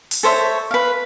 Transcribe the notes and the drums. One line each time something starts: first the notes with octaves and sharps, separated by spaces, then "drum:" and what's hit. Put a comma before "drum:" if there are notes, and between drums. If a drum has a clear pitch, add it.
drum: open hi-hat
A4 C5 C#5 E5
B4 F5